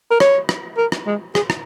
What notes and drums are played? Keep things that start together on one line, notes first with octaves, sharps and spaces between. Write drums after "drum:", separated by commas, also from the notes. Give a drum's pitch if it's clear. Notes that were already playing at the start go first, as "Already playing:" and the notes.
A#4
C#5, drum: rim click
drum: rim click
A#4
drum: rim click
G#3
G#4, drum: rim click
drum: rim click